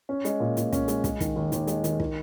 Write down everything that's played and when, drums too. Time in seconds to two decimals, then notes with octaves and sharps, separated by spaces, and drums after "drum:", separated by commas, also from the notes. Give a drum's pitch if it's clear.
0.09 C#4
0.25 G#3, drum: hi-hat
0.40 A#2
0.57 A#2, drum: hi-hat
0.72 C#4, drum: kick, hi-hat
0.88 G#3, drum: hi-hat
1.04 G#3, drum: kick, hi-hat
1.20 D#3, drum: kick, hi-hat
1.36 D#2
1.52 D#2, drum: hi-hat
1.67 G#3, drum: hi-hat
1.84 D#3, drum: hi-hat
2.00 D#3, drum: kick